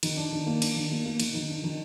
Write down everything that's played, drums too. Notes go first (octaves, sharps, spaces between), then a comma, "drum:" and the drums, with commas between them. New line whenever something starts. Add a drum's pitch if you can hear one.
D#3, drum: cymbal
D4
D#3
A#3
D4, drum: cymbal
D#3
A#3
A#3
D#3, drum: cymbal
D#3
D4
D#3